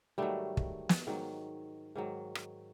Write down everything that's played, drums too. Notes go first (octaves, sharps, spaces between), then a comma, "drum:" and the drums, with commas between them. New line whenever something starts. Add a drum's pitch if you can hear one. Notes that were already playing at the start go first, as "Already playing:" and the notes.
G#2 D#3 F#3 G3 A3
drum: kick
drum: snare
G#2 D#3 F#3
G#2 D#3 F#3
drum: rim click